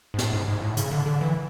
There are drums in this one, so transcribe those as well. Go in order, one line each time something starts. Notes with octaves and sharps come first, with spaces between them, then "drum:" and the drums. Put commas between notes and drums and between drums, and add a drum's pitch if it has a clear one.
G#2
A2, drum: snare
G#2
G#2
A2
C#3, drum: hi-hat
D3
D3
E3